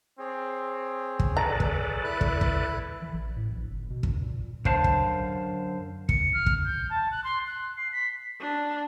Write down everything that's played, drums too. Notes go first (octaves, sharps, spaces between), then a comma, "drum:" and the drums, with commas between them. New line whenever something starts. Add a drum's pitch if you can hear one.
C4 G#4 C#5
drum: kick
A4 B4 D5 A#5
drum: kick
E4 B5 F#6
drum: kick
drum: kick
E3
A1
A2
A#1
G1
B2
G2, drum: kick
A#2
F#2 D3 C5 F5 A5, drum: kick
drum: kick
C#7, drum: kick
F6
drum: kick
G6
A5
F#6
C6
F#6
C7
B6
D4